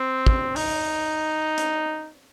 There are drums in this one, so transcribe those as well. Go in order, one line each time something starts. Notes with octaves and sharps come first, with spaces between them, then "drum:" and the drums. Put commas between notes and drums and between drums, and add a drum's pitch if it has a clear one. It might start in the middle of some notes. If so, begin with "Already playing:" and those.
Already playing: C4
drum: kick
D#4, drum: open hi-hat
drum: hi-hat